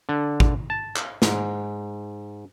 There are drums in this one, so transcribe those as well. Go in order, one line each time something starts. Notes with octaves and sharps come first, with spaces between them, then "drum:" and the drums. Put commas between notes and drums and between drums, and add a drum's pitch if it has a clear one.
D3
drum: kick
A5
drum: clap
G#2, drum: snare